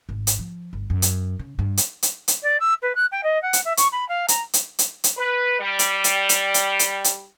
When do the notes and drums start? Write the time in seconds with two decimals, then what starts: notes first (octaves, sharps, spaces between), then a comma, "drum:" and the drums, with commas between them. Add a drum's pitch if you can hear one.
0.09 G#1
0.27 drum: hi-hat
0.39 F3
0.73 G1
0.90 F#2
1.02 drum: hi-hat
1.39 C#3
1.59 G2
1.77 drum: hi-hat
2.03 drum: hi-hat
2.28 drum: hi-hat
2.43 D5
2.60 E6
2.82 B4
2.95 F#6
3.12 G5
3.24 D#5
3.42 F#5
3.53 drum: hi-hat
3.65 E5
3.77 C#6, drum: hi-hat
3.92 B5
4.09 F5
4.28 A#5, drum: hi-hat
4.53 drum: hi-hat
4.79 drum: hi-hat
5.04 drum: hi-hat
5.18 B4
5.60 G3
5.79 drum: hi-hat
6.04 drum: hi-hat
6.29 drum: hi-hat
6.54 drum: hi-hat
6.79 drum: hi-hat
7.04 drum: hi-hat